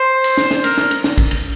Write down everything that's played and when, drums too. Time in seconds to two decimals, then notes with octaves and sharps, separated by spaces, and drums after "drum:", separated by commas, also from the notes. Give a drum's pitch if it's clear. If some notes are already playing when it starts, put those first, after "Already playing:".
Already playing: C5
0.24 drum: cymbal
0.37 drum: snare
0.51 drum: snare
0.64 A#4, drum: cymbal
0.78 drum: snare
0.91 drum: cymbal
1.04 drum: snare
1.18 drum: kick, cymbal
1.31 drum: cymbal